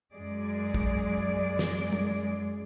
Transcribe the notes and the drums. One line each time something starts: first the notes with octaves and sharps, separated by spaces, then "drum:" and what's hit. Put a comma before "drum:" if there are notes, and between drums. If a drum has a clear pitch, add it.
F#2 G#3 G#4 D5
drum: kick
drum: snare
drum: tom